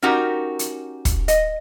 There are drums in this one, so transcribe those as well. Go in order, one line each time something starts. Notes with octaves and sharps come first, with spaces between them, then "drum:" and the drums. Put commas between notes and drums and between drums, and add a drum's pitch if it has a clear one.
C#4 D#4 F#4 G4 A#4
drum: hi-hat
drum: kick, hi-hat
D#5, drum: hi-hat